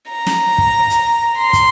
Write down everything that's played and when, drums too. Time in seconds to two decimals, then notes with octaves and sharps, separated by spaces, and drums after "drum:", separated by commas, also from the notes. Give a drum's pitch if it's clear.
0.11 A#5
0.27 drum: snare
0.58 drum: kick
0.90 drum: hi-hat
1.38 C6
1.53 drum: kick, hi-hat